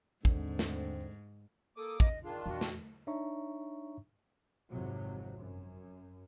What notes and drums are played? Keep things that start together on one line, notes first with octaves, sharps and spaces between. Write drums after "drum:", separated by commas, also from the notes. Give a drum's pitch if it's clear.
D#2 G#2 D3 C4, drum: kick
drum: snare
A#3 A4 D6 D#6
D#5, drum: kick
D#3 D4 F4 G#4
E2 A#2 F#4
drum: snare
D4 D#4 C#5 E5 A#5 C#6
G#1 F2 C3 F#3
F#2